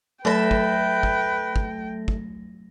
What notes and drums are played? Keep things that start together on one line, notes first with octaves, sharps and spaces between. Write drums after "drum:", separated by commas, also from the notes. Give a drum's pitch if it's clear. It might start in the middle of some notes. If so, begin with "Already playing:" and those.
F#3 A3 A4 B4 E5 G5 A#6
drum: kick
drum: kick
drum: kick
drum: kick